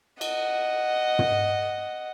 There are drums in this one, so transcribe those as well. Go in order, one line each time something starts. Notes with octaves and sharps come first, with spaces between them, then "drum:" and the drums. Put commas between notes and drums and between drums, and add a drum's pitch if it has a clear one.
D#5 F#5, drum: cymbal
drum: tom